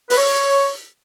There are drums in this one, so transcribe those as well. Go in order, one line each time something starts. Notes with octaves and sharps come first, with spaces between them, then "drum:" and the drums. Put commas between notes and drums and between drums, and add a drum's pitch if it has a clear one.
B4, drum: open hi-hat
C#5